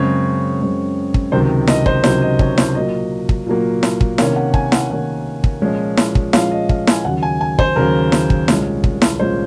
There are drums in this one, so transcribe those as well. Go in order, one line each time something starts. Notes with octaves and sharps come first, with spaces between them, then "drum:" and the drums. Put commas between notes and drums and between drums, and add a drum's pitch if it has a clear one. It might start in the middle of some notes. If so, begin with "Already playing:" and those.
Already playing: F#2 C#3 G#3 C4 C#5
F#2 C#3 G#3 C4
drum: kick
C#2 C3 D#3 F#3 C5
D#5, drum: snare E4
C5, drum: kick
C#2 C3 D#3 F#3 C5, drum: snare E4
D#5
C#5, drum: kick
C5, drum: snare E4
A#2 F#3 A#3 D#5
drum: kick
A#2 F#3 A#3
drum: snare E4
drum: kick
C3 D#3 A#3 C#4 F5, drum: snare E4
F#5
G#5, drum: kick
F#5, drum: snare E4
C3 D#3 A#3 C#4 F#5
drum: kick
A#2 F3 G#3 C#4
drum: snare E4
drum: kick
A#2 F3 G#3 C#4 F5, drum: snare E4
D#5
F5, drum: kick
G#5, drum: snare E4
D#2 C#3 F#3 F#5
G#5
G#5
C5, drum: kick
D#2 C#3 F#3 A#4
drum: snare E4
drum: kick
C2 A#2 G#3 C#4, drum: snare E4
drum: kick
drum: snare E4
A#2 G#3 C#4 C5